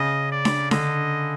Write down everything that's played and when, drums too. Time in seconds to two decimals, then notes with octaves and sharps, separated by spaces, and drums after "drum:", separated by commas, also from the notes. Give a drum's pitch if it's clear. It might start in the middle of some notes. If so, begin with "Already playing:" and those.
Already playing: C#3 D#5
0.32 D5
0.45 drum: snare D4
0.71 D3 D#5, drum: snare D4